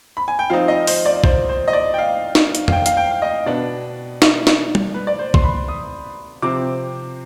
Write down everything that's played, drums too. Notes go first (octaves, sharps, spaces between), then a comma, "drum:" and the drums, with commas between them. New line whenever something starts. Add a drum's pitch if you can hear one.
B5
G#5
G5
F3 C4 D#4 F5
D#5
C5, drum: open hi-hat
D5
C5, drum: kick
C5
D#5
D5
G5
F5
drum: snare
drum: hi-hat
F5, drum: tom
G5
F5, drum: hi-hat
G5
F5
D#5
B2 B3 D4 D5
drum: snare
drum: snare
drum: tom G3
B4
D5
C5
C6, drum: kick
B5
D#6
C3 F3 C4 D6